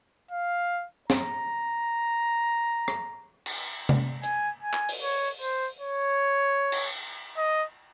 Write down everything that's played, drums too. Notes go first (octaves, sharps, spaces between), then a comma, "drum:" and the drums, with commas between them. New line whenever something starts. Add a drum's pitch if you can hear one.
F5
A#5, drum: snare
drum: rim click
drum: cymbal
drum: tom C3
G#5, drum: hi-hat
G#5
drum: clap
drum: open hi-hat
C#5
C5, drum: tambourine
C#5
drum: cymbal
D#5